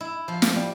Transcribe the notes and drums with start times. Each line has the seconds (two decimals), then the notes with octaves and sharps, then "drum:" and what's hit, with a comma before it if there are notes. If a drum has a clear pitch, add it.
0.01 E4
0.28 F3
0.42 drum: snare
0.56 G3